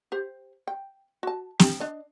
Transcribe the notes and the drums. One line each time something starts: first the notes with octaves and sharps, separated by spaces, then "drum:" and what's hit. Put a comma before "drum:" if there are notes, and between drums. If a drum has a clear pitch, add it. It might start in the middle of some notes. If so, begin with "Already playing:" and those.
G4 C5
G5
F#4 A5
G4, drum: snare
D4 D#5